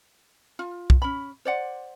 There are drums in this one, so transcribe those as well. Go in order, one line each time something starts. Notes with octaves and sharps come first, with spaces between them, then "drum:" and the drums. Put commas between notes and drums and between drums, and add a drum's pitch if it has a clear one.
F4
drum: kick
C#4 B5
C5 D5 F#5